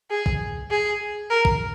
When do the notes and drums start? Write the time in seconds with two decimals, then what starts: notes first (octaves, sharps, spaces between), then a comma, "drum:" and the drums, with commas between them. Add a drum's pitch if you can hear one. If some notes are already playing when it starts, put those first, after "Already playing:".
0.11 G#4
0.26 drum: kick
0.70 G#4
1.30 A#4
1.45 drum: kick